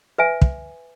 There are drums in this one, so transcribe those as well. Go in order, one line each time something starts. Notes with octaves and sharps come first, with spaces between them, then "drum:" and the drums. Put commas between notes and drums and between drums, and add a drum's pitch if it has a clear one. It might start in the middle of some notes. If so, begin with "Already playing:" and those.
B4 E5 G#5
drum: kick